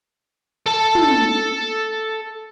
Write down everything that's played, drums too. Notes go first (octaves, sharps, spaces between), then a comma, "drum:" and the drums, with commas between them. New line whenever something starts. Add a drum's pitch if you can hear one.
A4 A5
drum: tom